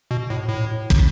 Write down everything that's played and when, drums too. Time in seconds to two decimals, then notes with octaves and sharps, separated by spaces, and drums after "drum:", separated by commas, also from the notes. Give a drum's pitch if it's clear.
0.11 B2
0.30 A2
0.49 A2
0.90 drum: kick